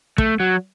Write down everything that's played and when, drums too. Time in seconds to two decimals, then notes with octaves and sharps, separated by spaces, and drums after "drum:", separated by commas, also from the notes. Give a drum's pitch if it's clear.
0.18 A3, drum: kick
0.40 F#3